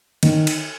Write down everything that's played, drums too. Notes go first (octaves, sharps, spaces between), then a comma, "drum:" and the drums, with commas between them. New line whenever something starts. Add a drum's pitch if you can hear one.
D#3, drum: cymbal
drum: cymbal